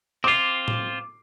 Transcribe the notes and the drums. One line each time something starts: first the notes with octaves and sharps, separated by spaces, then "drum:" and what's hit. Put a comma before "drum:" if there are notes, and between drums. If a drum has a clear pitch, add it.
C4 F4 D6 C7
drum: tom A2